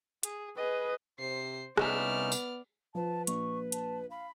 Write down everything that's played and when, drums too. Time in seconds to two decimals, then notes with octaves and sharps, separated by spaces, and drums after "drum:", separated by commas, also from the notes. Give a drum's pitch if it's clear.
0.23 G#4, drum: hi-hat
0.57 G#4 B4 D#5
1.19 C3 C5 C7
1.77 C2 B3 C#4 D#4 D5 E5 F6, drum: rim click
2.32 drum: tambourine
2.95 F3 B4 A5
3.27 A#1 C#6, drum: hi-hat
3.72 A5, drum: hi-hat
4.10 F5 B5